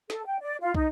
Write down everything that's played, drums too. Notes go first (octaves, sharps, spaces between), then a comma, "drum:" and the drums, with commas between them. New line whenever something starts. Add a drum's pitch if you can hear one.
A4, drum: snare
G5
D5
F4
D#4, drum: kick